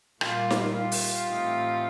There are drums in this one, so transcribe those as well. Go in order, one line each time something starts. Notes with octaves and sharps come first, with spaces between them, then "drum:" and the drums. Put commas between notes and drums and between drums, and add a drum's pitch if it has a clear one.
A#2 G3 A#3 F4, drum: rim click
drum: snare D#4
F4 G4
drum: open hi-hat
A2 E3 A3 C4 D#4